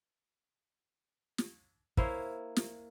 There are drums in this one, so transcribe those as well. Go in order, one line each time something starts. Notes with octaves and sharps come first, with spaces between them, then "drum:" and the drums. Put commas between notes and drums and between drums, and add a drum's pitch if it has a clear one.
drum: snare
A#3 E4 C5 C#5, drum: kick
drum: snare